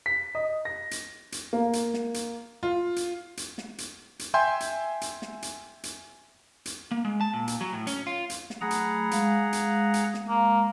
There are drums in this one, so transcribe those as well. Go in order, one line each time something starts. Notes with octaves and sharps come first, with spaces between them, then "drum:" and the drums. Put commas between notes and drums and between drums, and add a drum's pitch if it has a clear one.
B6
D#5
A#6
drum: hi-hat
drum: hi-hat
A#3
drum: hi-hat
drum: snare
drum: hi-hat
F4
drum: hi-hat
drum: hi-hat
drum: snare
drum: hi-hat
drum: hi-hat
E5 G5 G#5 C6 G6
drum: hi-hat
drum: hi-hat
drum: snare
drum: hi-hat
drum: hi-hat
drum: hi-hat
A#3
G#3
A5
A#2
drum: hi-hat
F#3
A2
C#4, drum: hi-hat
F4
drum: hi-hat
drum: snare
F#3 A3 G#4 F#5 A#5 B5
drum: hi-hat
G#3 F5, drum: hi-hat
drum: hi-hat
drum: hi-hat
drum: snare
A#3